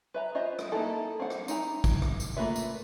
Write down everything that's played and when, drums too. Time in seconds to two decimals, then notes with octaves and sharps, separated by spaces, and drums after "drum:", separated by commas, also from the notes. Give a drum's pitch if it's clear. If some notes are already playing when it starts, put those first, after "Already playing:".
0.14 B4 E5 A#5
0.35 F4 C5 D#5 E5
0.59 drum: rim click
0.72 A#3 D#4 E4 A4
1.20 C4 F#5
1.30 drum: rim click
1.48 D#4 E4 A#5, drum: tambourine
1.84 drum: kick, tambourine
2.02 drum: rim click
2.20 drum: tambourine
2.37 A3 A#3 F4 B4 E5
2.56 drum: tambourine